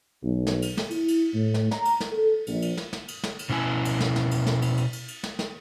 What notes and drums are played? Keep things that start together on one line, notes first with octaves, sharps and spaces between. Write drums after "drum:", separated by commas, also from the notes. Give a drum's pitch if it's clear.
B1
drum: snare
drum: cymbal
drum: snare
E4, drum: cymbal
drum: cymbal
A2
drum: snare
A#5, drum: snare
drum: cymbal
drum: snare
A4
A#1, drum: cymbal
drum: cymbal
drum: snare
drum: snare
drum: cymbal
drum: snare
drum: cymbal
B2 C#4 E4 G#5
drum: cymbal
drum: snare
drum: snare
drum: cymbal
drum: snare
drum: cymbal
drum: cymbal
drum: cymbal
drum: cymbal
drum: snare
drum: snare